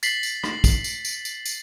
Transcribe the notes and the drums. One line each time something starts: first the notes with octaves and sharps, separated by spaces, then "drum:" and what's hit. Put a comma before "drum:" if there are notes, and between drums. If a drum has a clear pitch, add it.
A6 B6 C7 F#7, drum: tambourine
drum: tambourine
drum: rim click
drum: kick, tambourine
drum: tambourine
drum: tambourine
drum: tambourine
drum: tambourine